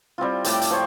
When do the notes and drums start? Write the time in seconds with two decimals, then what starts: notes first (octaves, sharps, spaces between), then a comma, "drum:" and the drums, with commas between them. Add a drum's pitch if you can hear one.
0.18 G3 C4 E4 F4
0.44 A2 G4 G5 D6, drum: hi-hat
0.62 drum: hi-hat
0.71 F3 C5 C#5